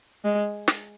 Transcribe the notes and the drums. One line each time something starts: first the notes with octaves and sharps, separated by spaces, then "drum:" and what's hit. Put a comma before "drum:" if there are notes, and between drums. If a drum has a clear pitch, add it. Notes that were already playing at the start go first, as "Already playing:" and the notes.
G#3
drum: snare